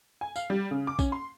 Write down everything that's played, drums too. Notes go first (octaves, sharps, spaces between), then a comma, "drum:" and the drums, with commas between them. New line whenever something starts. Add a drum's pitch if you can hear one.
G#5
F5, drum: tambourine
G3
C#3
D6
C#4, drum: kick A#1, tambourine
C6